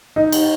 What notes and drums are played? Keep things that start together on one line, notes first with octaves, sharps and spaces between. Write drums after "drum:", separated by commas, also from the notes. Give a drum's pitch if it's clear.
D#4
drum: cymbal